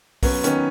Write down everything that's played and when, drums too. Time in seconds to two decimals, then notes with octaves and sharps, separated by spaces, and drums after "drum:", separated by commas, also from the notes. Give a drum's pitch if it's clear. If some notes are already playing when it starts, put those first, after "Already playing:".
0.23 F#3 B3 C#4, drum: kick B1, open hi-hat
0.44 D#3 B3 C#4, drum: hi-hat